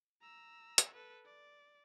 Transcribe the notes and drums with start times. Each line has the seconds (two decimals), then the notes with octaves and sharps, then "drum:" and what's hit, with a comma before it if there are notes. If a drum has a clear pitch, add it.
0.21 A#5 E6
0.78 drum: hi-hat
0.93 A4 B4
1.25 D5